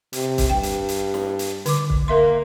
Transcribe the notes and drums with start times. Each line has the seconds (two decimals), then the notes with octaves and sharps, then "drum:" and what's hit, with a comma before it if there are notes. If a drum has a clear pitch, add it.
0.13 C3, drum: hi-hat
0.38 drum: kick, hi-hat
0.50 G2 G5
0.63 drum: hi-hat
0.89 drum: hi-hat
1.14 drum: snare
1.39 drum: hi-hat
1.66 D3 D6, drum: hi-hat
1.90 drum: kick
2.08 A#3 A#4 E5 C6